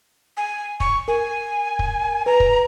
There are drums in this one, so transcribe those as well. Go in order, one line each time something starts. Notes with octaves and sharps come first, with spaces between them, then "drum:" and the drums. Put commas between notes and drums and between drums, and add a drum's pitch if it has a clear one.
G#5
C#6, drum: kick
A#4 G#5
drum: kick
B4 A#5
drum: kick